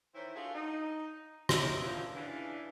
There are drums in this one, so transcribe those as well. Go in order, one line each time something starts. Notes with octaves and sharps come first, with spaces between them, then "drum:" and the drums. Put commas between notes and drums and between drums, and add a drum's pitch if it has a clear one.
D#3 E3 E4 C5 C#5
D4 F4 F#4 G#4 A4
D#4
D#4 E4 G4 A#4 C#5 D#5, drum: rim click
F3 F#3 A#3 B3 C#4 D4
C#3 E3 D4